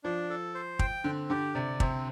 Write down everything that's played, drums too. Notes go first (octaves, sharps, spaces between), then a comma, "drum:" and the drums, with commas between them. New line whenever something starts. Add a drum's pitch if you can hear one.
F3 D4
A4
C5
G5, drum: kick
D3 C4
D3 G4
C3 D5
C3 C4, drum: kick